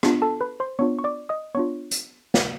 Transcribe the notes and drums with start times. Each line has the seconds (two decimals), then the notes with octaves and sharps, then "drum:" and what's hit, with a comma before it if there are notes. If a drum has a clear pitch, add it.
0.03 B3 D4 F4, drum: rim click
0.22 A4 A5
0.41 B4 B5
0.60 C5 C6
0.79 B3 D4 F4 C#5 C#6
0.99 C#6
1.04 D5 D6
1.29 D#5 D#6
1.55 B3 D4 F4 C#5 C#6
1.91 drum: hi-hat
2.34 drum: snare